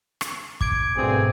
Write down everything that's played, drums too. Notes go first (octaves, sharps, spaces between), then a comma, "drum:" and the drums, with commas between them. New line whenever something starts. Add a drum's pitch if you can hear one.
drum: rim click
A#2 D6 G#6 D7, drum: kick
G#1 D2 G2 B2 C4 G#4